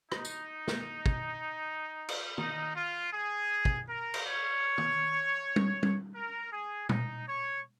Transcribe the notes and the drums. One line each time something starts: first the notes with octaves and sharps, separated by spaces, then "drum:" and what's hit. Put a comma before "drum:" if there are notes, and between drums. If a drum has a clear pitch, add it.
D#4, drum: rim click
drum: tambourine
drum: snare
drum: kick
drum: cymbal
D#4, drum: tom
F4
G#4
drum: kick
A#4
drum: cymbal
C#5
drum: tom
drum: tom G3
drum: tom G3
A#4
G#4
D#4, drum: tom
C#5